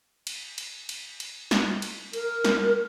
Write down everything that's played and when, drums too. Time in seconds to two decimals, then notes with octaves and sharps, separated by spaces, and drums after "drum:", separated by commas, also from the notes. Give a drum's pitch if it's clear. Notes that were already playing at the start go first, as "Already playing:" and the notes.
0.27 drum: cymbal
0.58 drum: cymbal
0.89 drum: cymbal
1.20 drum: cymbal
1.51 drum: snare
1.82 drum: cymbal
2.13 A#4, drum: cymbal
2.45 drum: snare